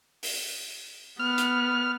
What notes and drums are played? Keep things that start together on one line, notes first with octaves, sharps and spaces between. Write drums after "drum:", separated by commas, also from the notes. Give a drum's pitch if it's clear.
drum: open hi-hat
B3 F6
drum: hi-hat